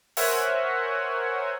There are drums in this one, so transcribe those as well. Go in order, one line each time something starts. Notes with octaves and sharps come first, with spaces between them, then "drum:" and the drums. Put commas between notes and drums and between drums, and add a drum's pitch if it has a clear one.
A#4 C5 C#5 E5 F#5 G#5, drum: open hi-hat